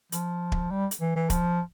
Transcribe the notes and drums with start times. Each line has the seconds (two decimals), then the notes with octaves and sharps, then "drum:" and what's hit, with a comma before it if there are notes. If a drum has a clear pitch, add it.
0.12 F3, drum: hi-hat
0.52 drum: kick
0.71 G3
0.91 drum: hi-hat
1.01 E3
1.16 E3
1.30 F3, drum: kick, hi-hat